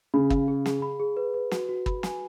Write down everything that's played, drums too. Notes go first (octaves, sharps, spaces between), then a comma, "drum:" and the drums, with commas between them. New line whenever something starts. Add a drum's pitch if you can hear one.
C#3 B5
F5, drum: kick
G#4
G#4, drum: snare
B5
G#4
B4
B4
F#4, drum: snare
F#4
B5, drum: kick
G#5, drum: snare